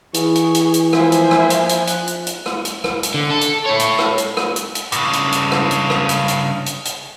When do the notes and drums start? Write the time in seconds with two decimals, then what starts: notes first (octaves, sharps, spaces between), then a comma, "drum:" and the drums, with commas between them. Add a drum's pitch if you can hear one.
0.14 E3 G#4 C#6, drum: hi-hat
0.35 drum: hi-hat
0.55 drum: hi-hat
0.74 drum: hi-hat
0.93 F3 A#3 E4 C5 G#5, drum: rim click
1.12 drum: hi-hat
1.31 drum: rim click
1.50 drum: hi-hat
1.69 drum: hi-hat
1.87 F#6, drum: hi-hat
2.08 drum: hi-hat
2.27 drum: hi-hat
2.46 drum: rim click
2.65 drum: hi-hat
2.84 drum: rim click
3.03 drum: hi-hat
3.14 D3
3.31 A4
3.41 drum: hi-hat
3.66 A4 C#5
3.80 drum: hi-hat
3.99 drum: rim click
4.18 drum: hi-hat
4.37 drum: rim click
4.56 drum: hi-hat
4.75 drum: hi-hat
4.92 G2 C#3, drum: hi-hat
5.13 drum: hi-hat
5.32 drum: hi-hat
5.52 drum: rim click
5.71 drum: hi-hat
5.90 drum: rim click
6.09 drum: hi-hat
6.28 drum: hi-hat
6.66 drum: hi-hat
6.85 drum: hi-hat